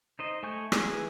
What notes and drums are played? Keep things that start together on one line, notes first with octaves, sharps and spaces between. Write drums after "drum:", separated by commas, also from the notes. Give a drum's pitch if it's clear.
D#4 C5 D#5
A3 G#5 C#6 G6
E3 G#4, drum: rim click